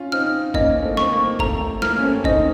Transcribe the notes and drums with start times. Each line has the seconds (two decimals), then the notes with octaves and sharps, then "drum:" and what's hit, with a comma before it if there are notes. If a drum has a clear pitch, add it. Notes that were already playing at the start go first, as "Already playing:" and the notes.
Already playing: C#4 F4
0.12 C4 D#4 F6
0.54 A#3 C#4 D#5, drum: kick
0.83 A3 C4
0.97 C4 C#6, drum: snare
1.12 A#3
1.39 A3 C4 A#5, drum: kick
1.61 A3
1.82 A#3 F6, drum: snare
1.98 C#4
2.03 A3 C4
2.24 C4 D#4 D#5, drum: kick